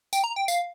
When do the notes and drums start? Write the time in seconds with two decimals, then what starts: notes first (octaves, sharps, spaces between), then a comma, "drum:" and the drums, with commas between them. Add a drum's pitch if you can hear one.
0.13 G5, drum: tambourine
0.24 A#5
0.36 G5
0.48 F5, drum: tambourine